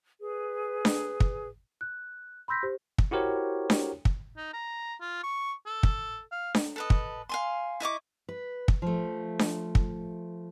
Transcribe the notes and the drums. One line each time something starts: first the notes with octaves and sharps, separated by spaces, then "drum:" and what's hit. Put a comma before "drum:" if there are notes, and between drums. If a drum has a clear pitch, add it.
G#4 B4
drum: snare D4
drum: kick
F#6
B5 C6 E6 G6 A#6 B6
G4 C5
drum: kick
E4 F#4 G4 A#4 C5 C#5
drum: snare D4
drum: kick
D#4
A#5
F4
C#6
A4
drum: kick
F5
drum: snare D4
A4 B4 D#5
drum: kick
F5 G#5 C6
E4 D#5 C#6 D6
B4
drum: kick
F3 A3
drum: snare D4
drum: kick